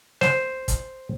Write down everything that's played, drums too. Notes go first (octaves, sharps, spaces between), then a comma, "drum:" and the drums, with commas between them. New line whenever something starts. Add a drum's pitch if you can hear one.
C5, drum: snare
drum: kick, hi-hat